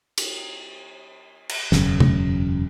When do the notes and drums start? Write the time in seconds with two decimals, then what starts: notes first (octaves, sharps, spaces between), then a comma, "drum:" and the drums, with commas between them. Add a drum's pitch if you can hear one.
0.18 drum: cymbal
1.49 drum: cymbal
1.72 E1 F#2 C#3, drum: snare
2.00 drum: tom